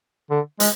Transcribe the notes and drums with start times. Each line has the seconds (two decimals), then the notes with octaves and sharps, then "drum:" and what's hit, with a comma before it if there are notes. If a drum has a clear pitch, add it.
0.30 D3
0.60 G#3, drum: hi-hat